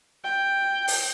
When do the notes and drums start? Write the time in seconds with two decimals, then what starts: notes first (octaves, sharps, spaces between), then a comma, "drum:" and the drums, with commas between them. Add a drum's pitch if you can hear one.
0.24 G5
0.88 drum: open hi-hat